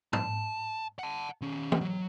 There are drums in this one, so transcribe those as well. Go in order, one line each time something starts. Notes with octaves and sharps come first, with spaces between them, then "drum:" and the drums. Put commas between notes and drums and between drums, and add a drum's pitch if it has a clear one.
A5, drum: tom G#2
F#5 A5
D#3 C#4
drum: tom
F#3